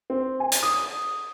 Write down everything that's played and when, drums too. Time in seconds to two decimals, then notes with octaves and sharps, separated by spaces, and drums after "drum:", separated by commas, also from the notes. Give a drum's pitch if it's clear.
0.10 C4
0.40 G#5
0.52 drum: hi-hat
0.63 D#6